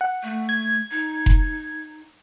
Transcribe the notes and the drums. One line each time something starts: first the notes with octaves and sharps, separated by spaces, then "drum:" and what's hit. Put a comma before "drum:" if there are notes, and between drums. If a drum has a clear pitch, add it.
F#5
A3
G#6
D#4
drum: kick F1